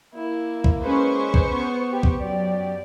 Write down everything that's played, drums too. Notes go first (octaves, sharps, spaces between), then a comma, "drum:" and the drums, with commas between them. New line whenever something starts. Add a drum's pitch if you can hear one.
A#3 E4
drum: kick
G#3 C#4 B4 C5 C#6
drum: kick
B3
G4
drum: kick
F#2 F#3 D5